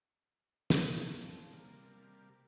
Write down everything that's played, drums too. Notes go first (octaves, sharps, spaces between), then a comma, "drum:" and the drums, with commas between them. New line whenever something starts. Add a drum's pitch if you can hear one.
drum: snare
C#3 F3 C4
C3 G3 A#3 A#4